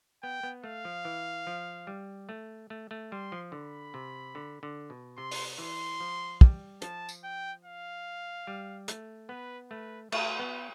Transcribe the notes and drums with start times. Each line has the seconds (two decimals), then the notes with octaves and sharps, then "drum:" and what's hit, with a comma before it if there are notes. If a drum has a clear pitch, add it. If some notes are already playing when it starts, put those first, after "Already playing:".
0.23 B3 G5
0.43 B3
0.64 A3 F5
0.85 F3
1.05 E3
1.47 F3
1.87 G3
2.29 A3
2.70 A3
2.91 A3
3.12 G3 C6
3.32 F3
3.52 D3 B5
3.94 C3
4.35 D3
4.63 D3
4.90 B2
5.17 C3 C6
5.31 drum: open hi-hat
5.58 E3 C6
6.00 F3
6.41 G3, drum: kick
6.82 F3 A5, drum: hi-hat
7.09 drum: tambourine
7.24 G5
7.65 F5
8.47 G3
8.88 A3, drum: hi-hat
9.29 B3 B4
9.71 A3 B4
10.12 A3 B4, drum: cymbal
10.39 B3